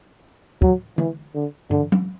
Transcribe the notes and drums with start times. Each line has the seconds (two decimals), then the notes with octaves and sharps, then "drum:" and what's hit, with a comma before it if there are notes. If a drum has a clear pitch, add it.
0.62 F#3, drum: kick
0.98 E3, drum: tom D3
1.35 D3
1.71 D3, drum: tom
1.92 drum: tom